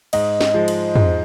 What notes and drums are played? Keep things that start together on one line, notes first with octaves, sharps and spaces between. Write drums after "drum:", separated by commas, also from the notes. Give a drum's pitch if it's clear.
G#2 D#5, drum: cymbal
drum: snare
F3 G#3
drum: cymbal
G#2, drum: tom